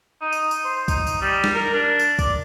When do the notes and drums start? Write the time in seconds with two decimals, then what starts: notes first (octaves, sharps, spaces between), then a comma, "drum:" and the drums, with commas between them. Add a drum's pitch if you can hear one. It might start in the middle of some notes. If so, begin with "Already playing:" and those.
0.21 D#4
0.33 drum: tambourine
0.51 drum: tambourine
0.65 C5
0.88 D#4, drum: kick B1, tambourine
1.07 drum: tambourine
1.21 G3
1.44 drum: snare
1.54 A#4
1.73 D4
1.99 drum: tambourine
2.19 D5, drum: kick B1, tambourine